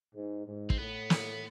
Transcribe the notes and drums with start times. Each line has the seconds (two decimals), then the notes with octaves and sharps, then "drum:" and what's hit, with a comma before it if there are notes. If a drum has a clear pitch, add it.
0.15 G#2
0.47 G#2
0.70 C4, drum: kick
0.79 A2 B3
1.10 drum: snare